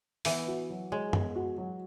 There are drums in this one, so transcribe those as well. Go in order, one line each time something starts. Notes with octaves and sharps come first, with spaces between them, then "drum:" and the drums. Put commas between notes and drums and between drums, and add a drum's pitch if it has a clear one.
E3 B3, drum: open hi-hat
F#4
F#3
G#3 C#5
B3, drum: tom F#2
F#4
F#3